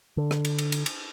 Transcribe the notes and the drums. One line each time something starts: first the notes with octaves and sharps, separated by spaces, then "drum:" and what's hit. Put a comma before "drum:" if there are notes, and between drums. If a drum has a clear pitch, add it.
D3
drum: rim click
drum: cymbal
drum: cymbal
drum: cymbal
drum: cymbal